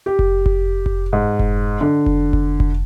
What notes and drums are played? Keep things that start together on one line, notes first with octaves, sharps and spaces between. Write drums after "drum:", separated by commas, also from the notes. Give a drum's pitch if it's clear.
G4
drum: kick F1
drum: kick F1
drum: kick F1
G#2
drum: kick F1
D3
drum: kick F1
drum: kick F1
drum: kick F1